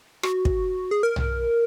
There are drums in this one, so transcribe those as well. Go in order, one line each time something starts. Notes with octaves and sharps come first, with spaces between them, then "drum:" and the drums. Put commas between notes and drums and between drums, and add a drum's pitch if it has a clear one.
F#4, drum: rim click
drum: kick
G#4
A#4
drum: tom B1